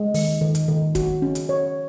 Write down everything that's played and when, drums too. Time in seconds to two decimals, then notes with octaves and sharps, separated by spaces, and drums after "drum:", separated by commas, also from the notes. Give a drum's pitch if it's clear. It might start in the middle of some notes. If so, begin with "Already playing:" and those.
Already playing: G#3
0.14 D#3, drum: open hi-hat
0.41 D#3
0.55 drum: hi-hat
0.68 D#3
0.95 F#4, drum: kick, hi-hat
1.22 C#4
1.35 drum: hi-hat
1.49 C#5